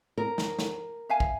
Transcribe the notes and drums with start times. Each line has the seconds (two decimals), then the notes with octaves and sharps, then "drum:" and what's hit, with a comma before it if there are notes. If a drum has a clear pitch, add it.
0.18 A#4
0.38 drum: snare
0.59 drum: snare
1.09 E5 F5 G#5
1.20 drum: kick